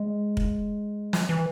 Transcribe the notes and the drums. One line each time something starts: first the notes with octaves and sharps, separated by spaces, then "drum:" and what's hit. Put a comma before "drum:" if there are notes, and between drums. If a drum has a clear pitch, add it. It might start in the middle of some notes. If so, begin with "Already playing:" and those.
Already playing: G#3
drum: kick
F#3, drum: snare
E3